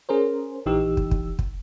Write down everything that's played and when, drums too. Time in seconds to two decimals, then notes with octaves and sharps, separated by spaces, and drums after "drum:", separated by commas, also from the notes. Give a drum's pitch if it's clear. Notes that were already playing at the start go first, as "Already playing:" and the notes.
0.09 C#4 G#4 A#4 C5
0.66 A#1 E3 D#4 G4 E6
0.97 drum: kick
1.11 drum: kick
1.39 drum: kick